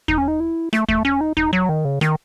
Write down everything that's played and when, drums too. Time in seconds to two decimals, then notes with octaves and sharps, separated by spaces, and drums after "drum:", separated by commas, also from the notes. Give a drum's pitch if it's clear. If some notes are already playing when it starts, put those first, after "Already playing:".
0.08 D#4, drum: kick
0.18 C#4
0.28 D#4
0.40 E4
0.73 A3, drum: rim click
0.89 A3, drum: kick
1.05 C#4
1.21 D#4
1.37 D#4, drum: kick
1.53 F#3
1.69 D#3
1.85 C#3
2.01 D#3, drum: rim click